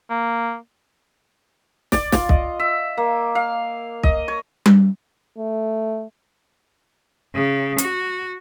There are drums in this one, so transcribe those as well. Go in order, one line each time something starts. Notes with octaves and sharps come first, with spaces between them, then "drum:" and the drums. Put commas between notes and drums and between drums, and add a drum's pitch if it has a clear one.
A#3
D5, drum: snare
F4, drum: snare
D#5, drum: kick
E5
A#3
F5
D#5, drum: kick
C#5
drum: tom G3
A3
C#3
F#4, drum: hi-hat